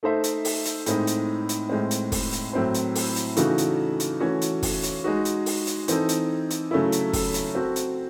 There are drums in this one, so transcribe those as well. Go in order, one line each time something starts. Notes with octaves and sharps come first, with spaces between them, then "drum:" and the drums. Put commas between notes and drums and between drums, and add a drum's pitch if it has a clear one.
A3 D#4 A4 C5 E5
drum: hi-hat
drum: open hi-hat
drum: hi-hat
A2 G#3 C4 D#4, drum: hi-hat
drum: hi-hat
drum: hi-hat
A2 G#3 C4
drum: hi-hat
drum: kick, open hi-hat
drum: hi-hat
A2 F#3 C4 E4 C5
drum: hi-hat
drum: open hi-hat
drum: hi-hat
C#3 E3 A3 D#4 F#4, drum: hi-hat
drum: hi-hat
drum: hi-hat
E3 A3 C#4 F#4 C#5
drum: hi-hat
drum: kick, open hi-hat
drum: hi-hat
G#3 D#4 F#4
drum: hi-hat
drum: open hi-hat
drum: hi-hat
E3 C4 D#4 A4, drum: hi-hat
drum: hi-hat
drum: hi-hat
C#3 F#3 A3 C#4 E4
drum: hi-hat
drum: kick, open hi-hat
drum: hi-hat
C4 F#4 A4
drum: hi-hat